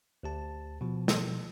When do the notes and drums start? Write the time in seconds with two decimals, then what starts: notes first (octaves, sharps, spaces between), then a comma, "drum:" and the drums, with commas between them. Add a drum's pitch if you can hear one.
0.23 D2 G4 A5
0.81 B2 F3
1.08 drum: snare